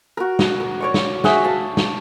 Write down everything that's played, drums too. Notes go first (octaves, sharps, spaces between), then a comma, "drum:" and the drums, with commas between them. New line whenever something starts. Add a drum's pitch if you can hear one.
F#4 A#4
drum: snare
A#4
C#5 D5 C#6
drum: snare
F#4 G#4 E5 F#5, drum: snare
F5 A5
drum: snare